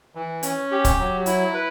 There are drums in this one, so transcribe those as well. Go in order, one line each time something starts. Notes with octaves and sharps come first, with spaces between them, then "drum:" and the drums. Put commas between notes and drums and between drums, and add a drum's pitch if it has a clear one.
E3
C#4, drum: hi-hat
G4
drum: kick C#1, hi-hat
F#3
E4, drum: hi-hat
B4